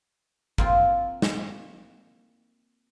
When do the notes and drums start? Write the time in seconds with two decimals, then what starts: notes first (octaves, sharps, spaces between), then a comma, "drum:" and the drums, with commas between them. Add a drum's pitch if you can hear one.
0.58 A#3 C4 F4, drum: kick
1.22 drum: snare